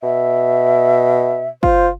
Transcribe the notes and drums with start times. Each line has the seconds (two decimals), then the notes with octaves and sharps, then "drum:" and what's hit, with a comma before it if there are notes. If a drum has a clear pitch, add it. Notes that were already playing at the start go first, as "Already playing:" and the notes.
0.03 B2 E5
1.63 F4 C5, drum: kick